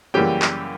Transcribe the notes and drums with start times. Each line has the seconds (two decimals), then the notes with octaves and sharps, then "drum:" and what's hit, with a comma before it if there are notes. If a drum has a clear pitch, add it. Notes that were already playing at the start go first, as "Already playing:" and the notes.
0.14 F#2 C#3 E3 G3 A#3 G4 G5
0.42 drum: clap